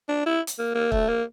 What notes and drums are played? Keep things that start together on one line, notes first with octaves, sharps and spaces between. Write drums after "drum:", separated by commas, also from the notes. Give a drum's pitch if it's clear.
D4
E4
drum: hi-hat
A#3
A#3
A3, drum: kick
A#3